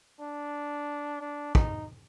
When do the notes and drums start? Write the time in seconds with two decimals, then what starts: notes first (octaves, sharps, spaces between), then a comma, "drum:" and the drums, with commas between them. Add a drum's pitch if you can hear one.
0.21 D4
1.21 D4
1.55 D#4, drum: kick